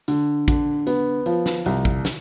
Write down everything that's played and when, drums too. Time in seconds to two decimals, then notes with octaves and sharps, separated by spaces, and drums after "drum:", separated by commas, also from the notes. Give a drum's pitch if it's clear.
0.08 D3, drum: hi-hat
0.48 D3, drum: kick, hi-hat
0.87 B3, drum: hi-hat
1.26 F3, drum: hi-hat
1.46 drum: snare
1.66 C2, drum: hi-hat
1.85 drum: kick
2.05 drum: snare